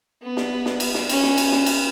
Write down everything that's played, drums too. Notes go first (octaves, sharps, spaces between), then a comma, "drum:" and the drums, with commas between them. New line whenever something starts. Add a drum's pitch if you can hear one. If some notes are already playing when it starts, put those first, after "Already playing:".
B3
drum: snare
drum: snare
drum: cymbal
drum: snare
C#4, drum: cymbal
drum: snare
drum: cymbal
drum: snare
drum: cymbal